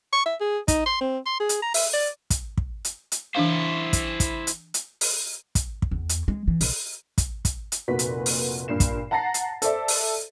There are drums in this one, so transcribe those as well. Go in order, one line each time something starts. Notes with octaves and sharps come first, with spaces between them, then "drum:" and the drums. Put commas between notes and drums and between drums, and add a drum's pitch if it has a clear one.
C#6
E5
G#4
D#4, drum: kick, hi-hat
C6
C4
C6
G#4
drum: hi-hat
A#5
E5, drum: open hi-hat
D5
drum: kick, hi-hat
drum: kick
drum: hi-hat
drum: hi-hat
E3 D4 E4 C5 F5
drum: kick, hi-hat
drum: kick, hi-hat
drum: hi-hat
drum: hi-hat
drum: open hi-hat
drum: kick, hi-hat
drum: kick
E2
drum: hi-hat
G#3
E3
B1, drum: open hi-hat
drum: kick, hi-hat
drum: kick, hi-hat
drum: hi-hat
F1 A#2 F#4 B4 B6
drum: hi-hat
drum: open hi-hat
G2 A#2 C7 E7
drum: kick, hi-hat
F#5 A5 A#5 A6 A#6 C7
drum: hi-hat
A4 C5 D5 E5, drum: hi-hat
drum: open hi-hat